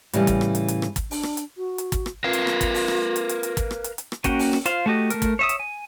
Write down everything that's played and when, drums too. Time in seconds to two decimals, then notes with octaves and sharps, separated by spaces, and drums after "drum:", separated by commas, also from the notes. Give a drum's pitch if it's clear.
0.13 A2 C#3 E3 G3, drum: hi-hat
0.27 drum: kick, hi-hat
0.41 drum: rim click
0.55 drum: hi-hat
0.68 drum: hi-hat
0.82 drum: rim click
0.96 drum: kick, hi-hat
1.11 D4, drum: open hi-hat
1.23 drum: rim click
1.37 drum: hi-hat
1.58 F#4
1.78 drum: hi-hat
1.92 drum: kick, hi-hat
2.06 drum: rim click
2.24 F4 A#4 B4 F5
2.33 drum: hi-hat
2.47 drum: rim click
2.61 drum: kick, hi-hat
2.74 drum: open hi-hat
2.88 drum: rim click
3.16 drum: hi-hat
3.29 drum: hi-hat
3.43 drum: hi-hat
3.57 drum: kick, hi-hat
3.71 drum: rim click
3.84 drum: hi-hat
3.98 drum: hi-hat
4.12 drum: rim click
4.24 A#3 C#4 F#4 F#5 G5, drum: kick, hi-hat
4.39 drum: open hi-hat
4.53 drum: rim click
4.66 F4 C5 F5, drum: hi-hat
4.86 A3 F#4 G4 D#5
5.10 A3 A#4, drum: hi-hat
5.22 drum: kick, hi-hat
5.39 C#5 E5 D#6
5.49 drum: hi-hat
5.59 G#5